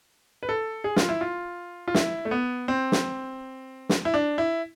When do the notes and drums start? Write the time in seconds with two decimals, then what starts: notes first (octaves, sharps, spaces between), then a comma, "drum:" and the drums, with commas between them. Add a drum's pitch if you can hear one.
0.43 B4
0.49 A4
0.84 G#4
0.96 F4, drum: snare
1.09 E4
1.21 F4
1.88 F4
1.95 E4, drum: snare
2.25 A3
2.31 B3
2.68 C4
2.92 drum: snare
3.89 drum: snare
4.05 E4
4.14 D4
4.38 E4